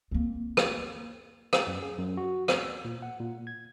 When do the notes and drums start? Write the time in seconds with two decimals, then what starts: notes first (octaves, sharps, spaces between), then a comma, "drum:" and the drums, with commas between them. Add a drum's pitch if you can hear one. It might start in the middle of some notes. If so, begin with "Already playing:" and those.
0.11 A#3 C4
0.57 drum: rim click
1.53 drum: rim click
1.67 F#2
1.82 G#4
1.98 F#2
2.17 F#4
2.48 drum: rim click
2.60 E6
2.85 A#2
3.02 F#5
3.20 A#2
3.47 G#6